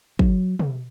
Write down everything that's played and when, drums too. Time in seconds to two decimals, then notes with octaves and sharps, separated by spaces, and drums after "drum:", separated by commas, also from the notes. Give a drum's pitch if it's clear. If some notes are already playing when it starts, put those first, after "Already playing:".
0.19 F#3, drum: kick
0.59 drum: tom